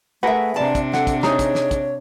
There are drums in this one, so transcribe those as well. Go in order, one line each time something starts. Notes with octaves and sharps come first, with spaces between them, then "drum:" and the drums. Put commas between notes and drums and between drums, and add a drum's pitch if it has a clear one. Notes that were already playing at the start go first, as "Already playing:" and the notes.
A3 G#4 A#4 B4 E5 F#5
C3 D4 D5 A5
drum: kick, hi-hat
A4 F#5, drum: snare
drum: kick, hi-hat
D#4 G#4 C#5 A#5, drum: snare
drum: kick, hi-hat
drum: snare
drum: kick, hi-hat